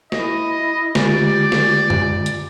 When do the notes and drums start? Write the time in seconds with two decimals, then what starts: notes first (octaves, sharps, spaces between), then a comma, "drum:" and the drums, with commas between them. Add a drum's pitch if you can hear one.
0.12 E4 D#5, drum: snare
0.95 D3 G#3 F4 G4 D5, drum: snare
1.52 drum: snare
1.90 drum: tom F#2
2.26 drum: hi-hat